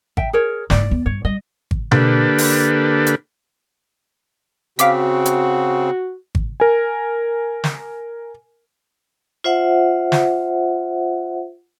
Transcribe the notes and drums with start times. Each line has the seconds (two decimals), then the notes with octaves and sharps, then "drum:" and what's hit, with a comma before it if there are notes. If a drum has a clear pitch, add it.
0.17 E5 G5, drum: kick G#1
0.33 G#4 A#4 C#5
0.70 F#1 G#2 D5, drum: snare
0.91 E2
1.06 G2 C#5
1.25 G3 D#5
1.71 drum: kick G#1
1.91 D3 A#3 D4 G4 A4 B4, drum: tom B2
2.38 drum: open hi-hat
3.07 drum: hi-hat
4.79 C#3 C4 F#4 F5 D6 B6, drum: hi-hat
5.25 drum: hi-hat
6.35 drum: kick G#1
6.60 A#4 G#5
7.64 drum: snare
9.44 F4 C5 E5 F#5
10.12 drum: snare